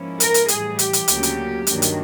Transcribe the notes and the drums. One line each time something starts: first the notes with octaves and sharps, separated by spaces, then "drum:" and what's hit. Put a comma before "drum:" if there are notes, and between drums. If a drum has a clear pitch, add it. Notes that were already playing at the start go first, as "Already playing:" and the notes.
Already playing: G#2 F3 A#3 C#4 E4
A#4, drum: hi-hat
drum: hi-hat
A2 E3 G3 G#4, drum: hi-hat
G4, drum: hi-hat
drum: hi-hat
D2 C#3 F#3 A#3 C#4, drum: hi-hat
drum: hi-hat
G2 D#3 F#3 A#3 D4, drum: hi-hat
drum: hi-hat